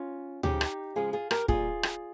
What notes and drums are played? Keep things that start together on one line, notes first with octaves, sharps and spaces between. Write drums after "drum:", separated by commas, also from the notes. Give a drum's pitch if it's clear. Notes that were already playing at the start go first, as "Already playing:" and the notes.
Already playing: C#4 F4
C#3 F3 G#3 D#4 G4, drum: tom D2
drum: rim click
C#3 F3 G#3 F4 G#4
F4 G#4
G4 A#4, drum: rim click
A#2 G3 F4 G#4, drum: kick
drum: rim click